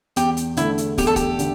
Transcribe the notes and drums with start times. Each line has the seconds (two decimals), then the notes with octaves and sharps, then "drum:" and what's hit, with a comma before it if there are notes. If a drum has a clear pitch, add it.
0.16 E2 G4, drum: hi-hat
0.37 drum: hi-hat
0.57 D3 A3 E4, drum: hi-hat
0.78 drum: hi-hat
0.98 E2 G4, drum: kick, open hi-hat
1.07 A4
1.16 G4, drum: kick, hi-hat
1.39 D3, drum: hi-hat